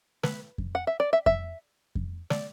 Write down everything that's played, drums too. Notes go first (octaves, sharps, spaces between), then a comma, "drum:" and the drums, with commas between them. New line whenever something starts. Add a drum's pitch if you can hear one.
B4, drum: snare
drum: kick F2
F#5
E5
D5
E5
E5, drum: kick F2
drum: kick F2
D5, drum: snare